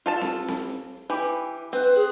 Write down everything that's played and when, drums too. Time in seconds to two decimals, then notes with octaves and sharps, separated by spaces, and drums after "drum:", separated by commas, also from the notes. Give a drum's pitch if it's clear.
0.06 F4 A4 A5
0.21 drum: snare C4
0.48 drum: snare C4
1.10 E3 G4
1.73 C4 B4
1.95 G#4